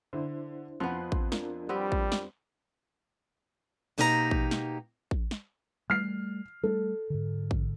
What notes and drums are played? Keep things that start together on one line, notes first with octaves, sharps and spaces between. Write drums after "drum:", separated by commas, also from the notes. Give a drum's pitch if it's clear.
D3 D4 E4 C5
F2 F3 B3 C6 F#6
drum: kick A1
D4 F4 A#4, drum: snare
G3 B3 C4 G4
drum: kick A1
drum: snare
B2 A#3 D#4 G4 B4 A#5
drum: kick A1
drum: snare
drum: kick A1
drum: snare
G3 A3 F6 C7
G3 A3 A4
G#2 D3
drum: kick A1